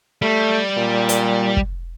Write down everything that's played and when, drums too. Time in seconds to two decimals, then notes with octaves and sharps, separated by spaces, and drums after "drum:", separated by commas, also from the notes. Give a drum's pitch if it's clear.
0.22 G3 A3
0.77 A#2
1.09 drum: hi-hat
1.57 drum: kick